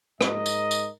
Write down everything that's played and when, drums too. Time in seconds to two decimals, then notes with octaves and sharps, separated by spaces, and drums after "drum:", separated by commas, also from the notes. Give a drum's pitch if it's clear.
0.21 G#2 D#4 A#4 D#5, drum: rim click
0.46 drum: tambourine
0.71 drum: tambourine